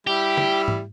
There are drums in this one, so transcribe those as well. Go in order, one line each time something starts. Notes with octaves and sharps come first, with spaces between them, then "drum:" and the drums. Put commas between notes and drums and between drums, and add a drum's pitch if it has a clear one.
G3 E4 G4
drum: snare
drum: tom G#2